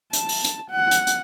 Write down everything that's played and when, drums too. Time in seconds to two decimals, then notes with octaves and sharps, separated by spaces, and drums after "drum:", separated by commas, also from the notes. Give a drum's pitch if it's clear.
0.13 A5, drum: hi-hat
0.29 drum: open hi-hat
0.44 drum: hi-hat
0.71 F#5
0.91 drum: hi-hat
1.07 drum: hi-hat